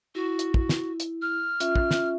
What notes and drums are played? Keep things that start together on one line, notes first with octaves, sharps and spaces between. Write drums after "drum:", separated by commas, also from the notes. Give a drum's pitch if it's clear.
E4 F#4
drum: hi-hat
drum: kick
drum: snare
drum: hi-hat
F6
C#4 F4 E5, drum: hi-hat
drum: kick
drum: snare